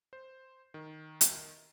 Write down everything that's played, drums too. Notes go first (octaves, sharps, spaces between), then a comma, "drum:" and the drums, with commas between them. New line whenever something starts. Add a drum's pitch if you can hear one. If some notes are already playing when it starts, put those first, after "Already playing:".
C5
D#3
drum: hi-hat